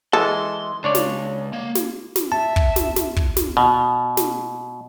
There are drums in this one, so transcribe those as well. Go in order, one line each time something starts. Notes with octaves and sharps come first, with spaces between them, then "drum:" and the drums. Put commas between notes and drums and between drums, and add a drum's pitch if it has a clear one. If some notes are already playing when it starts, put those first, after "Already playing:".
E3 G#3 A4 A5 C6
C#2 D4 C#5 D5
drum: snare
A#3
drum: snare
drum: snare
E5 A5
drum: kick
drum: snare
drum: snare
drum: kick
drum: snare
B2
drum: snare